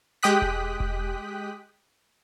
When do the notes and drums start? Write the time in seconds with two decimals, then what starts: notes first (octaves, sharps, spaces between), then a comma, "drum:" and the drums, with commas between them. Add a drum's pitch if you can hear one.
0.23 G#3 G4 G5 D#6 F#6 B6
0.42 drum: kick E1
0.80 drum: kick E1